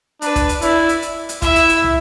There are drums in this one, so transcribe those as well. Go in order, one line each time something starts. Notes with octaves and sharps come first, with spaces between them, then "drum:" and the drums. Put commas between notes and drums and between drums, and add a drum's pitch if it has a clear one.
D4 B4, drum: hi-hat
drum: kick, hi-hat
drum: hi-hat
E4 D5, drum: hi-hat
drum: hi-hat
drum: hi-hat
drum: hi-hat
E4 E5, drum: kick, hi-hat
drum: hi-hat
drum: hi-hat
drum: tom